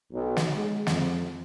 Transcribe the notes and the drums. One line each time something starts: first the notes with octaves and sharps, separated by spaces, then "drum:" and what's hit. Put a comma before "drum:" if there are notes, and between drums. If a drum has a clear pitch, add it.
B1
drum: snare
G#3
F2, drum: snare